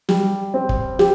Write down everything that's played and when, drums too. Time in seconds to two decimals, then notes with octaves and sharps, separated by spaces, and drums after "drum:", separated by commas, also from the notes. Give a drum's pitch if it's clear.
0.09 G3, drum: snare
0.54 C4
0.69 drum: kick
0.99 G4, drum: snare